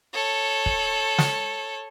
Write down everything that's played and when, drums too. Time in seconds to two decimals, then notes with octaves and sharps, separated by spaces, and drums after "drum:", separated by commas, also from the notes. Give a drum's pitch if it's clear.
0.13 A4 C#5
0.66 drum: kick
1.18 drum: snare